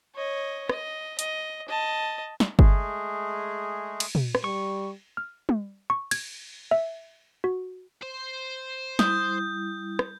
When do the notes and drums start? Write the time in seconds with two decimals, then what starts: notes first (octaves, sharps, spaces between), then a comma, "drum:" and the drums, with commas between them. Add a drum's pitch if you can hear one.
0.15 C#5 D#5
0.69 D#5, drum: rim click
1.19 D#5, drum: hi-hat
1.68 D#5 A5
2.40 drum: snare
2.59 G#3 A3 G#4, drum: kick G1
4.00 drum: cymbal
4.15 drum: tom
4.35 drum: rim click
4.44 G3 C#6
5.17 F6
5.49 drum: tom
5.90 C#6
6.11 G#6, drum: cymbal
6.71 E5
7.44 F#4
8.03 C5
8.99 G3 E4 D#6 G6, drum: snare
9.99 drum: rim click